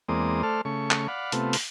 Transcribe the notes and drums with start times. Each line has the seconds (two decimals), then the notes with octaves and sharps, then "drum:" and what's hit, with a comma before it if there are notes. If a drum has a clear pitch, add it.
0.09 E2 G#3 A#3 C4 D5 D#6
0.43 A3 A4 C5 D5 F6
0.65 C#3 A3 C#6
0.91 drum: clap
1.08 D5 F5 F#5 B5
1.32 C3 A3 B3 F4, drum: hi-hat
1.53 drum: open hi-hat